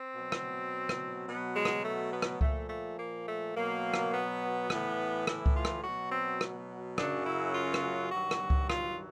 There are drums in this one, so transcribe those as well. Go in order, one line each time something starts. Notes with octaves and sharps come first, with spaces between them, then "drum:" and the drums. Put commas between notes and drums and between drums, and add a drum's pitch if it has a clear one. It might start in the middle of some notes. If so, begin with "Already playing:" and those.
Already playing: C4
B2 F#3
drum: rim click
drum: rim click
B2 F#3 B3
G#3
drum: rim click
A3
B3
drum: rim click
A#2 F3 A3, drum: kick C#2
A3
A#3
A3
B2 F#3 A#3
drum: rim click
B3
A2 E3, drum: rim click
E4, drum: rim click
drum: kick C#2
F4
drum: rim click
B2 F#3 F#4
C4
drum: rim click
F#2 C#3 F#3 D4, drum: rim click
E4
F4
drum: rim click
G2 D#3 F#3 F#4
drum: rim click
drum: kick C#2
F4, drum: rim click